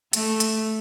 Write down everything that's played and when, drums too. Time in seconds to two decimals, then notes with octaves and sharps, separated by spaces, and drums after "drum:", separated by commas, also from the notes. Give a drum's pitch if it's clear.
0.13 A3, drum: hi-hat
0.40 drum: hi-hat